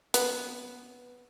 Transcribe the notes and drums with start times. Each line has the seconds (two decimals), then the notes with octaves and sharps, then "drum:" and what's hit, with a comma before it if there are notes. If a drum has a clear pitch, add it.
0.14 B3, drum: hi-hat